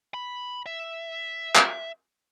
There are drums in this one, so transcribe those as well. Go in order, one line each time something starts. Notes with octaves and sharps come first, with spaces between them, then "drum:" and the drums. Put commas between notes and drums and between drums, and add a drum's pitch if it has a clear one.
B5
E5
drum: clap